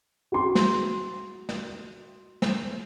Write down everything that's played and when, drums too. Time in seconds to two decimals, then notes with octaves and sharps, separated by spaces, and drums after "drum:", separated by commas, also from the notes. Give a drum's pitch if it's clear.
0.32 F#4 C6
0.55 drum: snare
1.49 drum: snare
2.42 drum: snare